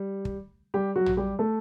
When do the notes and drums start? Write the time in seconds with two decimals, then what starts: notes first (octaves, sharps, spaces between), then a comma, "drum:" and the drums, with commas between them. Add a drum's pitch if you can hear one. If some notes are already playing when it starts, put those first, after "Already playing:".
Already playing: G3 G4
0.25 drum: kick
0.74 G3 G4
0.96 F#3 F#4
1.06 drum: tom
1.17 G3 G4
1.39 A3 A4